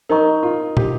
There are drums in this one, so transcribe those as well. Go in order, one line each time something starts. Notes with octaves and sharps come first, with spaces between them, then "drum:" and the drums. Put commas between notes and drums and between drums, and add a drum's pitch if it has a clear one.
D#4 A#4 D#5 A#5 C#6
F4
G4, drum: tom